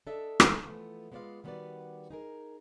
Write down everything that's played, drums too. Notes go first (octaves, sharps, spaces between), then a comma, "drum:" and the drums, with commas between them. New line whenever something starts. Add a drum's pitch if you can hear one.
D4 A4 D#5 E5
drum: rim click
E3 F3 A3 B3
G#3 B3 F4 C5 D5 F5
D#3 G3 B3 F#4 B4 D5
D#4 G#4 A#4